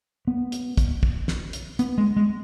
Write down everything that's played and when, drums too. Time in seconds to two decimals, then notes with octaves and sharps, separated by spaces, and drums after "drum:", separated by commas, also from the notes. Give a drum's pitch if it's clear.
0.27 B3
0.52 drum: hi-hat
0.78 drum: kick, hi-hat
1.03 drum: kick
1.28 drum: snare
1.53 drum: hi-hat
1.79 B3, drum: hi-hat
1.98 G#3
2.17 G#3